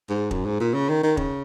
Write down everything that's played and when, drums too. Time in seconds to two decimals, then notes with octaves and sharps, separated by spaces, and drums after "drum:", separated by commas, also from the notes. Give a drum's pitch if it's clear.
0.10 G#2
0.31 F#2, drum: kick
0.45 G#2
0.60 A#2
0.74 C#3
0.89 D#3
1.03 D#3
1.17 C#3, drum: kick